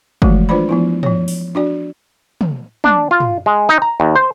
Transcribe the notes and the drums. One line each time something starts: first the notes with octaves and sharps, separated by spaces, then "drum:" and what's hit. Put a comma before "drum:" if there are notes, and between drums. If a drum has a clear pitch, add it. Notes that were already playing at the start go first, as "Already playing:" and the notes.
E3 F3 G#3 A3 F#4, drum: kick
D4 F4 B4 C5 D5 B5
F3 B3 E4
F3 C#5, drum: tom
drum: open hi-hat
D4 F#4 D5
drum: tom
D4, drum: tom
F4
drum: tom
G#3
D#4
A#5
D#2
C5